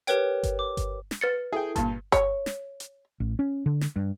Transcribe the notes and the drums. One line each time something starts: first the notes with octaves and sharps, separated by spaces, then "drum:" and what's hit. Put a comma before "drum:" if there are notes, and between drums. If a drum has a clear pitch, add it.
G4 A#4 B4 C#5 G5, drum: hi-hat
drum: kick G1, hi-hat
D6
drum: kick G1, hi-hat
drum: snare
B4 A6 C#7
E4 G#4 A4 G5
G2 A#2 A5, drum: kick G1, hi-hat
C#5, drum: kick G1, hi-hat
drum: snare
drum: hi-hat
A1
C#4
D3
drum: snare
G2